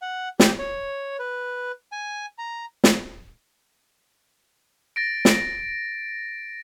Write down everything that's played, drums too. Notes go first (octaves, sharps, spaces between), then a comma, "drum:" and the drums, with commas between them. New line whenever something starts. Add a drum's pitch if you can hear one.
F#5
G4, drum: snare
C#5
B4
G#5
A#5
drum: snare
A6 A#6 D7
drum: snare